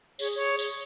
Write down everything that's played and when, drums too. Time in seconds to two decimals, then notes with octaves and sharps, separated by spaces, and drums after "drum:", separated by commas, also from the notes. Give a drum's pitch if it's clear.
0.19 G#4 C#5, drum: tambourine
0.36 G#4 C#5
0.59 C#5, drum: tambourine